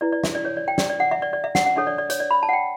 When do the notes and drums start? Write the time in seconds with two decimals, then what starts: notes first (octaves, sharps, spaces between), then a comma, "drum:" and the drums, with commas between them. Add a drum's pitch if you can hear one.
0.01 E4 B4 D5
0.12 D5
0.24 E5, drum: snare
0.35 D5
0.45 C#5
0.57 D5
0.68 G5
0.78 D5, drum: snare
0.89 D5
1.00 F#5
1.11 E5
1.22 D5
1.33 D5
1.44 E5
1.55 F#5, drum: snare
1.66 F#5
1.76 D4 A4 C#5 E5
1.87 D5
1.98 D5
2.10 C#5, drum: hi-hat
2.20 D5
2.31 B5
2.43 A5
2.49 F#5
2.53 G5